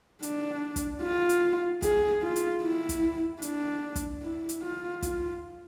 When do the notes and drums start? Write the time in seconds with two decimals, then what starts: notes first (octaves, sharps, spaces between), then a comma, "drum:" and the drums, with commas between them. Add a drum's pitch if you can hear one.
0.23 D4, drum: hi-hat
0.76 drum: kick, hi-hat
1.02 F4
1.29 drum: hi-hat
1.82 G#4, drum: kick, hi-hat
2.22 F4
2.36 drum: hi-hat
2.62 E4
2.89 drum: kick, hi-hat
3.42 D4, drum: hi-hat
3.96 drum: kick, hi-hat
4.22 E4
4.49 drum: hi-hat
4.62 F4
5.02 F4, drum: kick, hi-hat